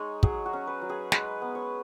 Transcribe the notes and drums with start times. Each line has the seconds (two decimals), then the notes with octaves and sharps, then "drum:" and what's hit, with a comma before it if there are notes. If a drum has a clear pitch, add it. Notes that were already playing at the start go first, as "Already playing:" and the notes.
Already playing: G#3 D#4 C#5 D#5
0.23 F#3 G#4, drum: kick
0.46 F#4
0.53 C#4
0.67 B4
0.82 F#3
0.89 G#4
1.12 G#3 B4, drum: snare
1.42 B3
1.55 C#5